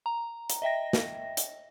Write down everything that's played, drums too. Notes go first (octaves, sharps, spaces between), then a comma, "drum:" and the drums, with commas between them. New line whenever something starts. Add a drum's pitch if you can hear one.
A#5
drum: hi-hat
D#5 E5 G5 A#6
drum: snare
drum: hi-hat